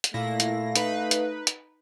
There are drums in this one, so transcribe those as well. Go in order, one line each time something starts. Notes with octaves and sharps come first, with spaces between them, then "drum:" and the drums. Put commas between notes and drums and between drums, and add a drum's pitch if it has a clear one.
drum: hi-hat
A#2 A3 E4 F5 A#6
drum: hi-hat
D#4 B4, drum: hi-hat
drum: hi-hat
drum: hi-hat